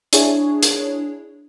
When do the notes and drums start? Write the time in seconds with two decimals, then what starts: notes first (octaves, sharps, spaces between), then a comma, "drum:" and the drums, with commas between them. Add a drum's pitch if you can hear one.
0.13 D4 E4 G#4 C#5, drum: hi-hat
0.63 drum: hi-hat